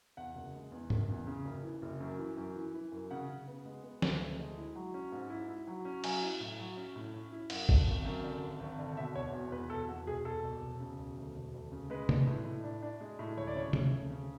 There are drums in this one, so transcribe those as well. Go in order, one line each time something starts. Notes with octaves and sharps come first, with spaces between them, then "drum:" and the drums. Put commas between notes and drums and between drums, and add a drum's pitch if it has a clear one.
E2 F#5
F#1
G#3
E2
F#1, drum: tom G#2
E2
C#3
F#1
E3
F#1
F#2
E3
F#2
E3
E3
F#2
C#3 F#5
C#3
B3
G#3
B3
D2, drum: snare
D2
G#3
E4
F#3
C#4
G#2
E4
E4
F#3
C#4
F#3 G#5, drum: cymbal
E4
A2
F#3
C#4
A2
C#4
E4
F#2 F#5, drum: cymbal
D3, drum: kick
G#1
F#2
D3
G#1
G#1
D3
B2 E5
E1 C#5
E2
E2 B4
E1 A4
E2 F#4
E1 G#4
E1 A4
E1
E1
C#3
E1
D2
E1
D2
C#3
G#3 B4
D4, drum: tom C3
A2
A2
D4
D4
G#3
A2
D2 C#5
D5
C#3 C#5
C#3, drum: tom C3
D2
C#3